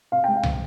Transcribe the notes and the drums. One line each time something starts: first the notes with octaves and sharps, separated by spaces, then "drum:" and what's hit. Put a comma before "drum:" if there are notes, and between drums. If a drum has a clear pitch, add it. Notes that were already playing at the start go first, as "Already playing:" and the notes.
C3 F5
G#3 G5
F5
D#3, drum: tom C2